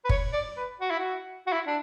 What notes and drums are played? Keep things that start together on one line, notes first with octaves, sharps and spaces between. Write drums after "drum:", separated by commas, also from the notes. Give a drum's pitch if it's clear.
B4
C#5, drum: kick
D5
B4
F#4
E4
F#4
F#4
E4
D4